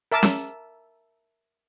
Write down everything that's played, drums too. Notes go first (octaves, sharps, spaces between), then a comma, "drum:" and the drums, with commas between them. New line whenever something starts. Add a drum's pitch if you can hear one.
A#4 E5 A5 D6
drum: snare C#4